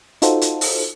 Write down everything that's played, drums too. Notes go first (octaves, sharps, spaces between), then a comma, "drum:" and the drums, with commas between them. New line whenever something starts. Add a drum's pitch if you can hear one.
D#4 F4 F#4 A4 C5, drum: hi-hat
drum: hi-hat
drum: open hi-hat